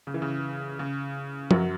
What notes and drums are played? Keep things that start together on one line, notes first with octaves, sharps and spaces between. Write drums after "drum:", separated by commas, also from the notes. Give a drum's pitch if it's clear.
C#3
E3
C#3
C#3
F#2 F#3, drum: tom F3